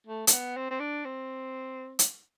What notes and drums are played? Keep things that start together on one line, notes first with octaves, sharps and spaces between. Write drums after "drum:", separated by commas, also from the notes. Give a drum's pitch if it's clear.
A3
A3, drum: hi-hat
B3
C4
C4
D4
C4
drum: hi-hat